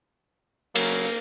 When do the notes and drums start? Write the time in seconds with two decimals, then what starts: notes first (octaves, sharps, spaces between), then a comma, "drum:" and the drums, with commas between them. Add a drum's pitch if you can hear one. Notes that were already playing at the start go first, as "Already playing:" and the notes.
0.75 C#3 F#3 A#3, drum: cymbal